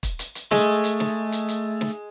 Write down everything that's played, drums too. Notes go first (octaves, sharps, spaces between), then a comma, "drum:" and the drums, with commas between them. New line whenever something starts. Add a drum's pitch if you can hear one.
drum: kick, hi-hat
drum: hi-hat
drum: hi-hat
G#3 A3, drum: snare
drum: hi-hat
drum: snare
drum: hi-hat
drum: hi-hat
drum: snare